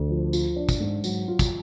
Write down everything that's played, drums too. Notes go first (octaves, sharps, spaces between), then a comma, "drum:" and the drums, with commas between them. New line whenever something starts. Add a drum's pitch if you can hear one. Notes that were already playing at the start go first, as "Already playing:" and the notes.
Already playing: D2
F3
F4, drum: tambourine
D4
drum: kick, tambourine
G#2
F#3, drum: tambourine
F4
drum: kick, tambourine